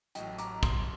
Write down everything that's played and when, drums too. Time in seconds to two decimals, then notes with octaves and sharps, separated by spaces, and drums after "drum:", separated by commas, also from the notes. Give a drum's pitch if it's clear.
0.15 A1 A2 F#3 D#5 G5, drum: hi-hat
0.38 A#5 D6, drum: hi-hat
0.63 C6 D#6, drum: kick, hi-hat